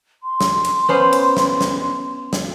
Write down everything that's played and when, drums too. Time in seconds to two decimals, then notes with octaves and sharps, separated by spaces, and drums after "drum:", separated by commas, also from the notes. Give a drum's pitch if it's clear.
0.23 C6
0.41 drum: snare
0.65 drum: cymbal
0.89 B3 C#4 C5
1.13 drum: cymbal
1.37 drum: snare
1.61 drum: snare
2.33 drum: snare